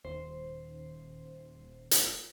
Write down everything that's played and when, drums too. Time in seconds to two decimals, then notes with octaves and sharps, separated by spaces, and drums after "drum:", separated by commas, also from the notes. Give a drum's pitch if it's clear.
0.05 D#1 D#2 C5
1.91 drum: hi-hat